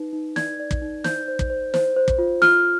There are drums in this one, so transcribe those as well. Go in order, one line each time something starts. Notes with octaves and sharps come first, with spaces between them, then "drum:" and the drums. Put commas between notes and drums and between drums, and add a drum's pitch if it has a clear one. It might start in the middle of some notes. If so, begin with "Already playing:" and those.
Already playing: D#4 B4
D#4
D5 G#6, drum: snare
D5
drum: kick
D#4
C5 G6, drum: snare
C5
drum: kick
C5
C5, drum: snare
C5
drum: kick
F4
F4 F6, drum: snare